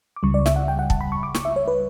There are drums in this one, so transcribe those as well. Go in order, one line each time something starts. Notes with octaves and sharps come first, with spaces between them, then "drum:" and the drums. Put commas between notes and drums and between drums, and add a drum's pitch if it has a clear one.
D6
C#2 C#3 G3 C#6
D5
E5, drum: snare
F#5
G5
F#5
A5, drum: kick
B5
C#6
D6
C#6, drum: snare
E5
C#5
B4